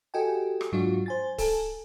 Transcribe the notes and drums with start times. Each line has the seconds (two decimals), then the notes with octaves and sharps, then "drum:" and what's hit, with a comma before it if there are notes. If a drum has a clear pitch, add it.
0.14 F#4 G4 A4 D#5 G5 G#5
0.61 drum: rim click
0.72 G#2 F#3 D4 F4 F#4
1.06 C5 G#5 A6
1.38 A4 G#5 A5, drum: kick D1, open hi-hat